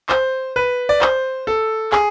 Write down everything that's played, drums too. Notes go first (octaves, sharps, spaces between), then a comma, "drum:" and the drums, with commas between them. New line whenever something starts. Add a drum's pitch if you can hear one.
C5, drum: clap
B4
D5
C5, drum: clap
A4
G#4, drum: clap